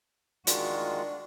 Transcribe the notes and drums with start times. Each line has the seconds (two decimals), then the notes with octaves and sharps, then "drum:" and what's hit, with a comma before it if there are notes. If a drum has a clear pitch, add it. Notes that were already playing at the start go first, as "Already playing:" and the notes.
0.47 D#3 G#3 D4 F4 F#4, drum: hi-hat